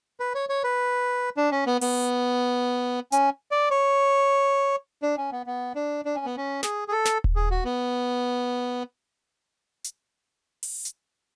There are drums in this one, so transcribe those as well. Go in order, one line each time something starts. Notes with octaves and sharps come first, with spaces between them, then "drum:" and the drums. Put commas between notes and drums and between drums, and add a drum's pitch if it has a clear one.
B4
C#5
C#5
B4
D4
C#4
B3
B3, drum: open hi-hat
C#4, drum: hi-hat
D5
C#5
D4
C#4
B3
B3
D4
D4
C#4
B3
C#4
G#4, drum: snare
G#4
A4
drum: snare
drum: kick D#1
G#4
F#4
B3
drum: hi-hat
drum: open hi-hat
drum: hi-hat